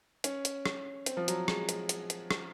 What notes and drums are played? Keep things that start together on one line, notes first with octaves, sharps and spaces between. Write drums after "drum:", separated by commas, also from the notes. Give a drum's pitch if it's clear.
C#4, drum: hi-hat
drum: hi-hat
drum: rim click
C4, drum: hi-hat
F3
F#3, drum: hi-hat
G#3, drum: rim click
drum: hi-hat
drum: hi-hat
drum: hi-hat
drum: rim click